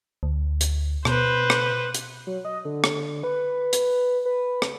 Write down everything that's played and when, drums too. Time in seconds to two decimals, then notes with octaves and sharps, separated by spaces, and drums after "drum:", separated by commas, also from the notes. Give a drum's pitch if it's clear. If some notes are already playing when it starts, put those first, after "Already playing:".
0.23 D2
0.61 drum: hi-hat
1.05 B2 B4 C5, drum: rim click
1.50 drum: rim click
1.95 drum: hi-hat
2.27 F#3
2.45 D#5
2.65 D3
2.84 drum: rim click
3.23 B4
3.73 drum: hi-hat
4.25 B4
4.62 drum: rim click